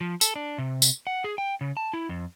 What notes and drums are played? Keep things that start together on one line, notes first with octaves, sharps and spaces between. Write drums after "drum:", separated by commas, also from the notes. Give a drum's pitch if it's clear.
F3
A4, drum: tambourine
D4
C3
drum: tambourine
F#5
G#4
G5
C#3
A5
E4
F2